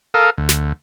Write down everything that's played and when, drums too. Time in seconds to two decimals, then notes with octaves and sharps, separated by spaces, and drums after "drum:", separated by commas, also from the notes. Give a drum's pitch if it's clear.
0.14 A4 A#4 F5 D#6
0.38 D2
0.49 drum: snare